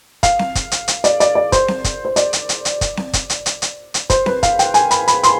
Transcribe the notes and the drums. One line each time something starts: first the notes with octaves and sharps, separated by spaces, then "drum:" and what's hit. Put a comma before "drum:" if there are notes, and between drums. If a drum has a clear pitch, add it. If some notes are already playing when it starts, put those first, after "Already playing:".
F5, drum: kick, hi-hat
drum: snare C4
drum: kick, hi-hat
drum: hi-hat
drum: hi-hat
D5, drum: hi-hat
D5, drum: hi-hat
D5
C5, drum: kick, hi-hat
drum: snare C4
drum: kick, hi-hat
C5
D5, drum: hi-hat
drum: hi-hat
drum: hi-hat
drum: hi-hat
drum: kick, hi-hat
drum: snare C4
drum: kick, hi-hat
drum: hi-hat
drum: hi-hat
drum: hi-hat
drum: hi-hat
C5, drum: kick, hi-hat
B4, drum: snare C4
F5, drum: kick, hi-hat
G5, drum: hi-hat
G#5, drum: hi-hat
B5, drum: hi-hat
B5, drum: hi-hat
C6, drum: hi-hat